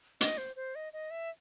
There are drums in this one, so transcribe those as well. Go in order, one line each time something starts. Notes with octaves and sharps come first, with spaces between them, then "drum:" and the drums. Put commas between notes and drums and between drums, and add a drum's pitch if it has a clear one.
D#5, drum: hi-hat
C5
C5
D#5
D#5
E5